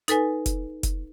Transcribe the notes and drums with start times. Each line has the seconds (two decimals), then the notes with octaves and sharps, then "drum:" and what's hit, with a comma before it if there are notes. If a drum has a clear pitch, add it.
0.08 D#4 A4 B4 G#5, drum: hi-hat
0.46 drum: kick F1, hi-hat
0.83 drum: kick F1, hi-hat